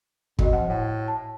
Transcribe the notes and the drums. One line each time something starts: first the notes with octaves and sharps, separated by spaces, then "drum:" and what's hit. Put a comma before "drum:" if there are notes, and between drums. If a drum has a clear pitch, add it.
F2 F#4 D#5, drum: kick
F3 F#5
A2
A5